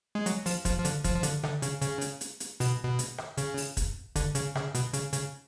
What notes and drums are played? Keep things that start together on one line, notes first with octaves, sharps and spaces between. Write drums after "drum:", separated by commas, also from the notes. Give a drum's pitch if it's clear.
G#3
F#3, drum: hi-hat
F3, drum: open hi-hat
F3, drum: kick, hi-hat
F3
D3, drum: hi-hat
F3, drum: kick, hi-hat
F3
D3, drum: hi-hat
D3, drum: rim click
C#3, drum: hi-hat
C#3, drum: hi-hat
drum: hi-hat
drum: hi-hat
drum: hi-hat
B2, drum: open hi-hat
B2
drum: hi-hat
drum: rim click
C#3, drum: hi-hat
drum: open hi-hat
drum: kick, hi-hat
D3, drum: kick, hi-hat
C#3, drum: hi-hat
C#3, drum: rim click
B2, drum: hi-hat
C#3, drum: hi-hat
C#3, drum: hi-hat